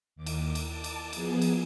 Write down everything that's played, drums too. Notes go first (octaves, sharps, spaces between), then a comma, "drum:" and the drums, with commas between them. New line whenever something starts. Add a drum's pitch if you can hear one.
D#2 D6
drum: cymbal
drum: cymbal
A5 D6
drum: cymbal
F3 B3 G#4, drum: cymbal
drum: cymbal